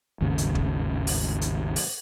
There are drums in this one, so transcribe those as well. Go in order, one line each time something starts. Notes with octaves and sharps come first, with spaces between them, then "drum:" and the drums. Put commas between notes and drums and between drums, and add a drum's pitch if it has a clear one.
G#1 D#2 A2 C#3
drum: hi-hat
drum: kick
drum: open hi-hat
drum: hi-hat
drum: open hi-hat